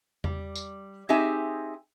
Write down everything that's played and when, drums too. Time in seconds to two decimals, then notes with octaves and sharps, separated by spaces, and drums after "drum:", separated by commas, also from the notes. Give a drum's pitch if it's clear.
0.24 G3, drum: tom E2
0.56 drum: tambourine
1.09 C4 D#4 G4 G#4 E5 G#5